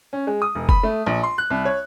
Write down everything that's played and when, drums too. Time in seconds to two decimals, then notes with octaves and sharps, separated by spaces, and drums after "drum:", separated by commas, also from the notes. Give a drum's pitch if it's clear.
0.13 C#4
0.27 G#3
0.42 D#6
0.55 E1
0.69 B5, drum: kick F#1
0.83 A3
1.06 A#1
1.23 C6
1.38 F#6
1.50 C2
1.65 C#5